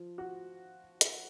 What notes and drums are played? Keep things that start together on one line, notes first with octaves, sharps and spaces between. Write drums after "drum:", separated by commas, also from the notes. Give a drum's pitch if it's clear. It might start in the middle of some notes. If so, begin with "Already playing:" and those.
Already playing: F3
F#4
drum: hi-hat